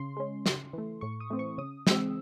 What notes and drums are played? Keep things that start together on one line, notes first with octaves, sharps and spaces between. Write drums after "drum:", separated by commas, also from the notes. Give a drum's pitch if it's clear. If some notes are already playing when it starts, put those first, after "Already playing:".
Already playing: C#3 C6
G#3 C#4
C#3, drum: snare
E3 A3
A2 C#6
D#6
E3 A3 C4
C#6
C#3 D#6
E3 G#3 C4 E6, drum: snare